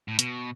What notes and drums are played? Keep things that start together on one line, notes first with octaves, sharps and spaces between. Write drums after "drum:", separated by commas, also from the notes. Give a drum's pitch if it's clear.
A2
B2, drum: hi-hat